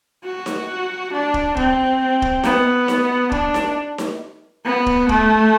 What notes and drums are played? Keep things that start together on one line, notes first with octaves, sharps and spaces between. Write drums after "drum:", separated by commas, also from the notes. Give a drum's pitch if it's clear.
F#4
drum: snare D#4
D4
drum: kick
C4, drum: kick
drum: kick
B3, drum: snare D#4
drum: snare D#4
D4, drum: kick
drum: snare D#4
drum: snare D#4
B3
drum: kick
A3, drum: kick